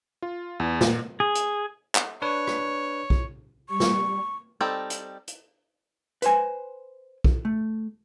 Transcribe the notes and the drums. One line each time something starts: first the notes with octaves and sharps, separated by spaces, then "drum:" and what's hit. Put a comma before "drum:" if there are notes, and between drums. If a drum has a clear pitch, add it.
F4
E2
A#2, drum: snare
G#4
drum: hi-hat
drum: clap
D4 B4 C#5
drum: rim click
drum: kick
G3 C#6
drum: snare
G3 C4 D#4 A4 G5
drum: hi-hat
drum: hi-hat
B4 C5 G#5, drum: hi-hat
drum: kick
A3